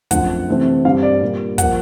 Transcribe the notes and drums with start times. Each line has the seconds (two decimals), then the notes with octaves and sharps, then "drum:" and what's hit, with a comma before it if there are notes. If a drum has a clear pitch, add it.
0.11 F#2 D3 F3 A3 C4 F#5, drum: kick, hi-hat
0.48 C3 E3 A3 C4
0.85 G2 D3 G3 C4 F5
1.03 D5
1.21 A#2 G3 A#3
1.58 F3 A#3 F#5, drum: kick, hi-hat